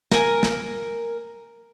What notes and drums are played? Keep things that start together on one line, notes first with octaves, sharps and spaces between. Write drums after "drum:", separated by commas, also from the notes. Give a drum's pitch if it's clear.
A#4 G#5, drum: snare
drum: snare